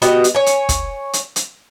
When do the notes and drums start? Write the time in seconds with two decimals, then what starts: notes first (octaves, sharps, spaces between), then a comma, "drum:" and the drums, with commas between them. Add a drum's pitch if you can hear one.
0.02 B3 F#4 G4 D#5, drum: hi-hat
0.24 drum: hi-hat
0.35 C#5 G#5
0.46 drum: hi-hat
0.69 drum: kick, hi-hat
1.13 drum: hi-hat
1.36 drum: hi-hat